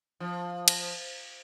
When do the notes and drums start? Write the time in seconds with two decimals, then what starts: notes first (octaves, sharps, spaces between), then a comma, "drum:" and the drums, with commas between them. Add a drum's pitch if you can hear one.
0.20 F3
0.68 drum: cymbal